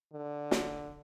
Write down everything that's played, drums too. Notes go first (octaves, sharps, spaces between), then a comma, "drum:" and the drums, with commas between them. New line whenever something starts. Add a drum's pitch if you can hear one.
D3
drum: snare